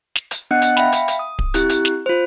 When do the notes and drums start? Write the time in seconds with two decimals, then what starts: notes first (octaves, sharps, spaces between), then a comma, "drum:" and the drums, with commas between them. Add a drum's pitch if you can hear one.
0.16 drum: snare
0.31 drum: hi-hat
0.51 B3 D4 D#5 F#5 F#6 C#7
0.62 drum: hi-hat
0.77 E5 F5 G5 B5, drum: snare
0.92 drum: hi-hat
1.08 drum: hi-hat
1.19 D#6
1.39 drum: kick D1
1.54 C4 E4 G4 F#6, drum: hi-hat
1.69 drum: hi-hat
1.85 drum: snare
2.06 F4 C5